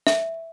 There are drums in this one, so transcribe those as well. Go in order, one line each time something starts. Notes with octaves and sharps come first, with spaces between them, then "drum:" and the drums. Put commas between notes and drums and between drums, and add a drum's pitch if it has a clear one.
E5, drum: snare